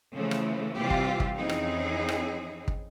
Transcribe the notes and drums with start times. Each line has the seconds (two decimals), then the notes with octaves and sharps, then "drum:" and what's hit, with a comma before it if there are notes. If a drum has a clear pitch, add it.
0.13 C#3 E3 F3 A3
0.31 drum: rim click
0.76 C3 E3 G3 C4 F4 G4
0.90 drum: kick
1.20 drum: kick
1.37 F2 E3 C4 C#4 D#4 G#4
1.49 drum: rim click
2.09 drum: rim click
2.68 drum: kick